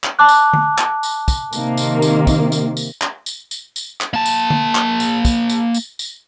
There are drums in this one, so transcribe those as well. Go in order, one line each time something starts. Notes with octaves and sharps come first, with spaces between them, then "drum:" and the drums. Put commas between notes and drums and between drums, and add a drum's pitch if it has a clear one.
drum: clap
A5 D6 F#6
drum: tambourine
drum: tom D3
drum: clap
drum: tambourine
drum: kick, tambourine
C3 D#3 A#3, drum: tambourine
drum: tambourine
drum: tambourine
drum: kick, tambourine
drum: tambourine
drum: tambourine
drum: clap
drum: tambourine
drum: tambourine
drum: tambourine
drum: clap
A#3 A5
drum: tambourine
drum: tom D3
drum: clap
drum: tambourine
drum: kick, tambourine
drum: tambourine
drum: tambourine
drum: tambourine